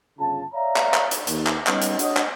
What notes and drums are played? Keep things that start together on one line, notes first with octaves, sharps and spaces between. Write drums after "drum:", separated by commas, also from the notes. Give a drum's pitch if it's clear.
G1 C#3 F4 A5
C#5 D5 E5 F5 A#5
drum: clap
drum: clap
drum: hi-hat
D#2, drum: hi-hat
drum: clap
G3 B3 C#4 D#4, drum: clap
drum: hi-hat
D4 F#4 C#5 D#5, drum: hi-hat
drum: clap